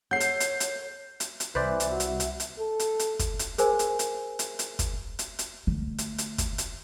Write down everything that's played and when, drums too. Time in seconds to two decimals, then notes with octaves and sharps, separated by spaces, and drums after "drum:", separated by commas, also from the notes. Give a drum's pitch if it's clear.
0.11 A4 A#4 C#5 F#5 G6 C7
0.20 drum: hi-hat
0.40 drum: hi-hat
0.60 drum: hi-hat
1.20 drum: hi-hat
1.40 drum: hi-hat
1.55 C2 E3 B4 C5 D5 E5
1.80 drum: hi-hat
1.90 F#4
2.00 drum: hi-hat
2.20 drum: hi-hat
2.40 drum: hi-hat
2.60 A4
2.80 drum: hi-hat
2.99 drum: hi-hat
3.19 drum: kick, hi-hat
3.39 drum: hi-hat
3.58 G#4 A#4 C5 G#5, drum: hi-hat
3.79 drum: hi-hat
3.99 drum: hi-hat
4.39 drum: hi-hat
4.59 drum: hi-hat
4.79 drum: kick, hi-hat
5.19 drum: hi-hat
5.39 drum: hi-hat
5.67 D3 A3
5.98 drum: hi-hat
6.18 drum: hi-hat
6.38 drum: kick, hi-hat
6.58 drum: hi-hat